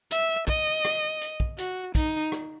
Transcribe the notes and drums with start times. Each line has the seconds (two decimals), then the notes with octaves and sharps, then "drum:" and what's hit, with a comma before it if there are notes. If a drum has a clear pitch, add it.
0.11 E5, drum: hi-hat
0.48 D#5, drum: kick
0.85 drum: rim click
1.21 drum: hi-hat
1.40 drum: kick
1.58 F#4, drum: hi-hat
1.95 D#4, drum: kick, hi-hat
2.32 drum: rim click